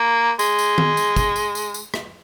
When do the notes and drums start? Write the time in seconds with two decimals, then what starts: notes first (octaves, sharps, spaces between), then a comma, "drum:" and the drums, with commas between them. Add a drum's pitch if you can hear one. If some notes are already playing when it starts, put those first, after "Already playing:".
Already playing: A#3
0.39 G#3, drum: tambourine
0.59 drum: tambourine
0.78 drum: tom D#3
0.97 drum: tambourine
1.16 drum: kick, tambourine
1.36 drum: tambourine
1.55 drum: tambourine
1.74 drum: tambourine
1.94 drum: rim click